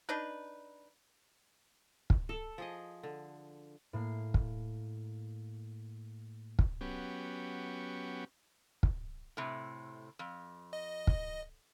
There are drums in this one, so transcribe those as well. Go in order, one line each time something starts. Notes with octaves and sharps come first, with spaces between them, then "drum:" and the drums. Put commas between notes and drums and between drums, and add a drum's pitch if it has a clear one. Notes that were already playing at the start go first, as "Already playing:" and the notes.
D4 D#4 B4
drum: kick
A4
F3 G#4 D#5
D3
A2 A#3 C7
drum: kick
drum: kick
F#3 B3 C#4 G4
drum: kick
A2 C3
F2
D#5
drum: kick